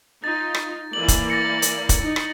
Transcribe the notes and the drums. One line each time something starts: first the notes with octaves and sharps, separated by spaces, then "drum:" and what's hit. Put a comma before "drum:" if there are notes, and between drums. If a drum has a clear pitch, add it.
D#4 F4 A6
drum: rim click
E3 A#3 D5 F#7
drum: kick, hi-hat
A6 A#6 C#7
drum: hi-hat
drum: kick, hi-hat
D#4
drum: rim click